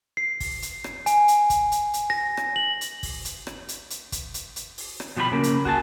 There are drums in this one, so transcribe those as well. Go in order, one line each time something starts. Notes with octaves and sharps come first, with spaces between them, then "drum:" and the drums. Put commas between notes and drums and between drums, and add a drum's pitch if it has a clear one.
C7
drum: kick, open hi-hat
drum: hi-hat
drum: rim click
G#5, drum: hi-hat
drum: hi-hat
drum: kick, hi-hat
drum: hi-hat
drum: hi-hat
A#6
drum: rim click
F#7
drum: hi-hat
drum: kick, open hi-hat
drum: hi-hat
drum: rim click
drum: hi-hat
drum: hi-hat
drum: kick, hi-hat
drum: hi-hat
drum: hi-hat
drum: open hi-hat
drum: rim click
B2 F3 G3 F4 C5 B5
C#3 A#3
drum: hi-hat
F#4 G#4 A5, drum: kick